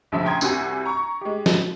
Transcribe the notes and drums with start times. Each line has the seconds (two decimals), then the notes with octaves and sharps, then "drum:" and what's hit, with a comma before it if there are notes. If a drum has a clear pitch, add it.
0.12 A#1 C#3 F3 F#3 E5
0.26 G5 A#5 C6 D#6 G#6
0.41 C2 C3 F#4 G#5, drum: tambourine
0.85 A#5 C#6
1.21 G#3 G4
1.46 drum: snare